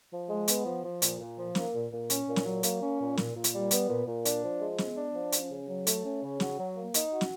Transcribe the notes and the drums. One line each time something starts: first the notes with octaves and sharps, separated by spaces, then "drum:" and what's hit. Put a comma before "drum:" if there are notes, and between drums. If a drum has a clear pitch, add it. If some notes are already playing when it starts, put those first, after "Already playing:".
F3
G#3
B3, drum: hi-hat
F3
F3
A#2, drum: hi-hat
A#2
F3
A#3, drum: snare
A#2
A#2
C#4, drum: hi-hat
A#2
drum: snare
F#3
A#3, drum: hi-hat
C#4
A#2
A#2, drum: snare
A#2
drum: hi-hat
G3
B3, drum: hi-hat
A#2
A#2
D4, drum: hi-hat
F3
G#3
B3, drum: snare
D4
F3
C#4, drum: hi-hat
C#3
F#3
A3, drum: hi-hat
C#4
C#3
F#4, drum: snare
F#3
A#3
D#4, drum: hi-hat
F#4
drum: snare